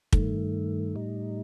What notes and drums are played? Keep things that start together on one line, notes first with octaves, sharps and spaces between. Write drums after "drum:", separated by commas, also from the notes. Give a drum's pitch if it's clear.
G2 D#3 A3, drum: kick
A2 G3 D#4